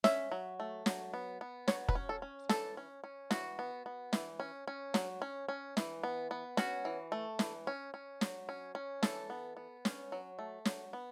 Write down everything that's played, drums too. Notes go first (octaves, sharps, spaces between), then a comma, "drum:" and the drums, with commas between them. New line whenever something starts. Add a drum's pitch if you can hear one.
C#4 E5, drum: snare
F#3
A3
F#3, drum: snare
B3
B3
F#3 C#5, drum: snare
B4, drum: kick F1
C#4
A4
C#4
E3 A4, drum: snare
C#4
C#4
E3 F#4, drum: snare
B3
B3
E3, drum: snare
C#4
C#4
F#3, drum: snare
C#4
C#4
E3, drum: snare
B3
B3
C#4 F#4, drum: snare
E3
A3
E3, drum: snare
C#4
C#4
F#3, drum: snare
C#4
C#4
E3 A4, drum: snare
B3
B3
C#4, drum: snare
F#3
A3
F#3, drum: snare
B3